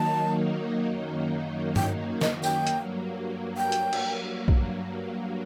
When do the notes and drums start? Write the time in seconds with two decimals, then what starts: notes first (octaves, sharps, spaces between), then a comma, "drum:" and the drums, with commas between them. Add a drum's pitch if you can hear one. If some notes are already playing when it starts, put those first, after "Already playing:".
Already playing: D#3 F#3 A#3 D#4 A5
0.85 F#2 D#3 F#3 A#3 D#4
1.76 G5, drum: tom G2
2.21 D#5, drum: snare
2.43 G5, drum: tambourine
2.67 G2 F#3 A#3, drum: hi-hat
3.57 G5
3.72 drum: hi-hat
3.93 drum: cymbal
4.48 drum: kick